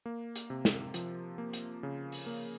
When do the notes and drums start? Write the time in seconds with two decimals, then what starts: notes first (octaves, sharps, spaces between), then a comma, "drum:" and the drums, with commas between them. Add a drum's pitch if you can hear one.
0.06 A#3
0.36 drum: hi-hat
0.50 C3
0.65 drum: snare
0.94 F3, drum: hi-hat
1.38 A#3
1.53 drum: hi-hat
1.83 C#3
2.12 drum: open hi-hat
2.26 A#3